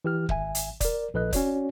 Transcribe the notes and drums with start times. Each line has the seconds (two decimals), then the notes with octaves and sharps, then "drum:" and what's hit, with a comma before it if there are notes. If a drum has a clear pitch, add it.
0.05 E3 G4 F6
0.29 G#1 E5 G#5, drum: kick
0.55 drum: hi-hat
0.80 A#4 D5, drum: kick, hi-hat
1.14 A#1 A4 B4 D#5 F#6
1.33 C#4 F#4 C#5 D5, drum: kick, hi-hat